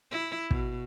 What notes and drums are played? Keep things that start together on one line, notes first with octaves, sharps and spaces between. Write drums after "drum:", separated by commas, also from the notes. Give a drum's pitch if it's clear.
E4
B2, drum: kick